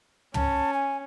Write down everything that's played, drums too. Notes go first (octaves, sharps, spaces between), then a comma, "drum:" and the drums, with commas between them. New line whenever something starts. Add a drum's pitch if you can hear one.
C#4 A5, drum: tom
G#5